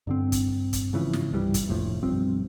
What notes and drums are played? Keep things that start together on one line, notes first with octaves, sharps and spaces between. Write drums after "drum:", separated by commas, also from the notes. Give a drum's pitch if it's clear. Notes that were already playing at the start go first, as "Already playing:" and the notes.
G2 D3 C4
drum: kick, hi-hat
drum: kick, hi-hat
G#2 C#3 E3 F3
drum: snare
C2 G2 E3 G3
drum: kick, hi-hat
F1 A#1 A2 F3
B1 G2 F3 C4